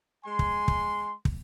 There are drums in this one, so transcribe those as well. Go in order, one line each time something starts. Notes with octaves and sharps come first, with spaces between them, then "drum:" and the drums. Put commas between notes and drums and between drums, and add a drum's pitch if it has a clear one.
G#3 G#5 C6
drum: kick
drum: kick
drum: kick